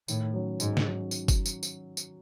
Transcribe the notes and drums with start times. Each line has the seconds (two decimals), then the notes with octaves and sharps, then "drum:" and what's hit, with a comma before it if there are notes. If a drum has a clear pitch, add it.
0.08 A2 D#3, drum: tambourine
0.34 F#3 C#4
0.60 G#2 D#3, drum: tambourine
0.77 drum: snare
0.86 F#3 C#4
1.11 drum: tambourine
1.28 drum: kick G1, tambourine
1.46 drum: tambourine
1.63 drum: tambourine
1.97 drum: tambourine